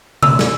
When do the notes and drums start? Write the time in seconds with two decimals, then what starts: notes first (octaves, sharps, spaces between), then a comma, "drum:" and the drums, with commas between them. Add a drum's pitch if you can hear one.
0.23 E6, drum: tom C3
0.39 drum: snare